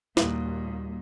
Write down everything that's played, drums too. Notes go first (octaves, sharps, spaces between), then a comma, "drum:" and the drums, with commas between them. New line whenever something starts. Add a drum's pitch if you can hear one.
D#2 A#2 G3 D#4 F#4, drum: snare